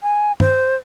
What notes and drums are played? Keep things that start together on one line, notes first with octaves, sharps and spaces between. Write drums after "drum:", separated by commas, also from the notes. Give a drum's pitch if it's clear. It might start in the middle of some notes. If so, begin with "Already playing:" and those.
G#5
C5, drum: tom G2